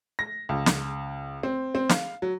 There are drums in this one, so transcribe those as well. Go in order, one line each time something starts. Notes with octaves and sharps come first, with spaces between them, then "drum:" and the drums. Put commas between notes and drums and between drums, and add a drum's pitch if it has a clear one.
A#6
C#2
drum: snare
C4
C4
F5, drum: snare
F#3